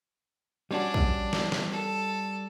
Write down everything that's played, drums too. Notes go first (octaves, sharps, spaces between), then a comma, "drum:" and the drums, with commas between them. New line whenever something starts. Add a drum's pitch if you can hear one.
G3 C#4 D4 F#4
drum: kick
drum: snare
drum: snare
A4